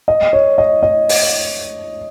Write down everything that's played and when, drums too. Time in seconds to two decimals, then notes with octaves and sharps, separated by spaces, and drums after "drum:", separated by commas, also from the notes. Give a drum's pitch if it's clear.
0.08 D#5
0.33 C#5
0.58 D#5
0.83 D#5
1.09 drum: open hi-hat